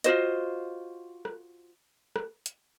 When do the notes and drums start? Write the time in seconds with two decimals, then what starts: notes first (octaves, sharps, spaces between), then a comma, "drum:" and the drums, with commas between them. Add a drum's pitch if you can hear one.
0.04 F4 F#4 C5 D#5, drum: hi-hat
1.25 drum: rim click
2.16 drum: rim click
2.46 drum: hi-hat